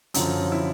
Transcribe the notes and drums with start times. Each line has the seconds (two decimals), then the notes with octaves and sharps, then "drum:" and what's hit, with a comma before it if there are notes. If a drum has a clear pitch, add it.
0.14 F#2 D3 F3, drum: hi-hat
0.52 E4